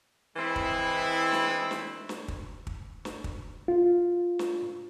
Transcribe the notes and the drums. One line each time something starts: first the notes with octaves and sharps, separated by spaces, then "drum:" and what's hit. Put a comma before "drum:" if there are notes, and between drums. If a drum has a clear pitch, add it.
E3 G#3 C4 E4
drum: kick
drum: snare
drum: snare
drum: snare
drum: kick
drum: kick
drum: snare
drum: kick
F4
drum: snare